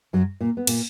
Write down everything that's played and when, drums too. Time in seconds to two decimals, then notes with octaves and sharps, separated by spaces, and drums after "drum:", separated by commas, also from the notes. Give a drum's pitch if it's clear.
0.13 F#2 F#3
0.41 A#2 A#3
0.57 B3
0.67 A#2 A#3, drum: cymbal